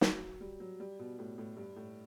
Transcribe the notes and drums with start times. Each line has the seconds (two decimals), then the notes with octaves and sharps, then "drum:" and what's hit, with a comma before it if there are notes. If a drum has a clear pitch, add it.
0.01 F#3, drum: snare
0.41 G3
0.60 F#3
0.80 G3
0.99 B2
1.19 A2
1.38 A2
1.57 G2
1.76 A2